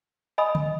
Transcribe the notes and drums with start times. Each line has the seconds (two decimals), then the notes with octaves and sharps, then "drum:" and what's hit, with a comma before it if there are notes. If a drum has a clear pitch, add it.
0.38 D#5 G#5 B5 D#6
0.55 drum: tom D3